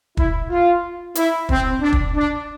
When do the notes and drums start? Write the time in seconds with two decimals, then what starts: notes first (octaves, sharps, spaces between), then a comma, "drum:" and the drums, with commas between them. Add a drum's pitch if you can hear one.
0.17 E4, drum: kick
0.50 F4
1.15 E4, drum: hi-hat
1.49 C4, drum: kick
1.81 D4
1.93 drum: kick
2.14 D4